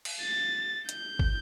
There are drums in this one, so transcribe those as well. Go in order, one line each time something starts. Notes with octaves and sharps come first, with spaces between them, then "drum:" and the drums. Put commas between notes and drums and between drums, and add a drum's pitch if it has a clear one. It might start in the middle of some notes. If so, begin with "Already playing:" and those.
drum: cymbal
A6
G6, drum: hi-hat
drum: kick